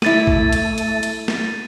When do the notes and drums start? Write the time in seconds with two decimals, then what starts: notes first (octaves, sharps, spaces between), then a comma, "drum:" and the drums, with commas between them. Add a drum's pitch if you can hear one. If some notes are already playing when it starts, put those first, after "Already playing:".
0.02 A3 E4 D6 A6 D#7, drum: snare
0.27 drum: kick
0.53 drum: hi-hat
0.78 drum: hi-hat
1.03 drum: hi-hat
1.28 drum: snare